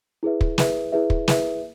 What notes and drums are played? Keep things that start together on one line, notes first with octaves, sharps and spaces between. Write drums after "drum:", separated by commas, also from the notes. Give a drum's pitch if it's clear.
E4 G#4 B4 E5
drum: kick
E4 G#4 B4 E5, drum: snare
E4 G#4 B4 E5
drum: kick
E4 G#4 B4 E5, drum: snare